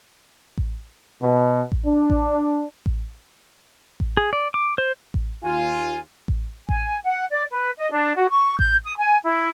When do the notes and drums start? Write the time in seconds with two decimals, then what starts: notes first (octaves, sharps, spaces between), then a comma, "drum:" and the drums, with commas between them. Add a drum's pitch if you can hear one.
0.58 drum: kick A1
1.21 B2
1.72 drum: kick A1
1.86 D4
2.10 drum: kick A1
2.86 drum: kick A1
4.00 drum: kick A1
4.17 G#4
4.33 D5
4.54 D6
4.78 C5
5.14 drum: kick A1
5.43 D#2 F4 G#5
6.28 drum: kick A1
6.69 G#5, drum: kick A1
7.04 F#5
7.32 D5
7.51 B4
7.79 D#5
7.92 D4
8.17 F#4
8.30 C#6
8.59 G6, drum: kick A1
8.85 D#6
8.98 G#5
9.24 E4